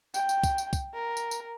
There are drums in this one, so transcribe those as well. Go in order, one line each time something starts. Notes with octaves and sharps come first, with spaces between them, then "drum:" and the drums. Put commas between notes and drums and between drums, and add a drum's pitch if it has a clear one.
G5, drum: tambourine
drum: tambourine
drum: kick, tambourine
drum: tambourine
drum: kick, tambourine
A#4
drum: tambourine
drum: tambourine